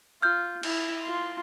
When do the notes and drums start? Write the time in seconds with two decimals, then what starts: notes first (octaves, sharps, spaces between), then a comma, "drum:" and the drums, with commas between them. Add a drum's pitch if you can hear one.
0.22 F4 F6 G6
0.63 E4, drum: cymbal
1.03 F4 C6